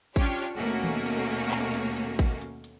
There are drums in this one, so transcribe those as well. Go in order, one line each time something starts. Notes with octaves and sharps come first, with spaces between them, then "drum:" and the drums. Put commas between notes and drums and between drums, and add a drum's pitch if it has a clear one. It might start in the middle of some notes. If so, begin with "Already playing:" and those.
C#4 D4 F4 G4 C#5, drum: kick, hi-hat
drum: hi-hat
D#2 B2 A3 A#3 C#4 F#4
drum: tom D#3
drum: hi-hat
drum: hi-hat
drum: clap
drum: hi-hat
drum: hi-hat
drum: kick, open hi-hat
drum: hi-hat
drum: hi-hat